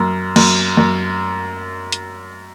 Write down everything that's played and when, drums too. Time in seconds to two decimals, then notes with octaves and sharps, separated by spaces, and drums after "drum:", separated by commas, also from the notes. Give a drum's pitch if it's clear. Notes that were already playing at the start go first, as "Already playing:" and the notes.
Already playing: F#2
0.36 F#2, drum: cymbal
0.77 F#2
1.92 drum: hi-hat